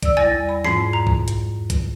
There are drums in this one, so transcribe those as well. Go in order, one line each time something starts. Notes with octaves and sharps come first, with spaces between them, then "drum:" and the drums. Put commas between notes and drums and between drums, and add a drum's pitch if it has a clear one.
D5 E6, drum: kick B1, hi-hat
E2 G3 D5 G#5 A6 A#6
B5
F2 G#2 C7, drum: snare
A#5
drum: kick B1
drum: hi-hat
drum: kick B1, hi-hat